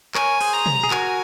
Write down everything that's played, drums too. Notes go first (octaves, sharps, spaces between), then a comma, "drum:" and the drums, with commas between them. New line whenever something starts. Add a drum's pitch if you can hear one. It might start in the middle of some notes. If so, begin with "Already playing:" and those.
A#4 C#5 G#5, drum: clap
G#4 C5, drum: open hi-hat
A#5
drum: tom
G#4
F#4 A#4 G#5, drum: clap